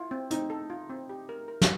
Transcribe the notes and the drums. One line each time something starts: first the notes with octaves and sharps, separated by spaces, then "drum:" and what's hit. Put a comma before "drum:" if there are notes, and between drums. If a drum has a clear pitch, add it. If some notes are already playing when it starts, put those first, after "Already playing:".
Already playing: E4 F4
C4
C4 D#4, drum: hi-hat
A4
F4
C4
G4
A#4
A#4
drum: snare